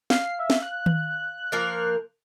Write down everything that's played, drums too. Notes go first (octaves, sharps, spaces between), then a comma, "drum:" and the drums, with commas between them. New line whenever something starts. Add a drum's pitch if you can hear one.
F5 F6 C7, drum: snare
E5
drum: snare
F#6
drum: tom D#3
F3 A#3 A#4